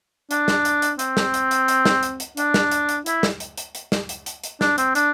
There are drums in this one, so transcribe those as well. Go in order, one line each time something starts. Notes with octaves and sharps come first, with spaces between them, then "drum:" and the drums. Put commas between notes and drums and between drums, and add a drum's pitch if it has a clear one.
D4, drum: hi-hat
drum: snare
drum: hi-hat
drum: hi-hat
C4, drum: hi-hat
drum: snare
drum: hi-hat
drum: hi-hat
drum: hi-hat
drum: snare
drum: hi-hat
drum: hi-hat
D4, drum: hi-hat
drum: snare
drum: hi-hat
drum: hi-hat
E4, drum: hi-hat
drum: snare
drum: hi-hat
drum: hi-hat
drum: hi-hat
drum: snare
drum: hi-hat
drum: hi-hat
drum: hi-hat
D4, drum: snare
C4, drum: hi-hat
D4, drum: hi-hat